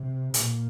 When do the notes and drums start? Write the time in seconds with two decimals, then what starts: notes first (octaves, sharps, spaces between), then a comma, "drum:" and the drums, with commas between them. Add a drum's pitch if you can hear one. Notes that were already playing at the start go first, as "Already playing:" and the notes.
Already playing: C3
0.34 A#2, drum: hi-hat